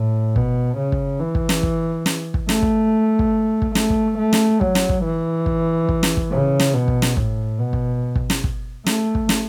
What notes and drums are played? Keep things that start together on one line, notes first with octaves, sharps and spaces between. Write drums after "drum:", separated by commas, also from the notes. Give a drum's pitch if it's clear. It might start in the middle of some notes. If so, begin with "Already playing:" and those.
Already playing: A2
B2, drum: kick
C#3
drum: kick
E3
drum: kick
drum: snare
drum: kick
drum: snare
drum: kick
A3, drum: snare
drum: kick
drum: kick
drum: kick
A3, drum: snare
drum: kick
A3
drum: snare
F#3, drum: kick
drum: snare
drum: kick
E3
drum: kick
drum: kick
drum: snare
drum: kick
C#3
drum: snare
B2
drum: kick
drum: snare
A2, drum: kick
B2
drum: kick
drum: kick
drum: snare
drum: kick
A3, drum: snare
drum: kick
drum: snare